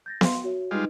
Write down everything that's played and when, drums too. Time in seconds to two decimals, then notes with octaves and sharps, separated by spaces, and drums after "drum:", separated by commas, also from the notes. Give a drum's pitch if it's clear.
0.06 G6 A6 A#6
0.21 F5 C6, drum: snare B3
0.44 F#4 C#5 E5
0.71 G3 G#3 D#4 F4 B4 D#5